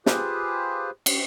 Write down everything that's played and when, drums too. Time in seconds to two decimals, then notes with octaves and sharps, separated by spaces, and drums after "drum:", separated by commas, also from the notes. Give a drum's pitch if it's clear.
0.06 F4 G4 G#4 B4 C5, drum: snare
1.06 drum: cymbal